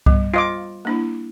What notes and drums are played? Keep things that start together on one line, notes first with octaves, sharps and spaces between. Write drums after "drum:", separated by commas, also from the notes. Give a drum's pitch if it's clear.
G3 B3, drum: kick C2
F4 D#5 D6
A#3 D4 E4